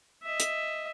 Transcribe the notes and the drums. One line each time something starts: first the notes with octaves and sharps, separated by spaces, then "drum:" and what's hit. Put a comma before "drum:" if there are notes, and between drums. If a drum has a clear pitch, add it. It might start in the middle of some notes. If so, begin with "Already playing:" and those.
D#5 E5
drum: hi-hat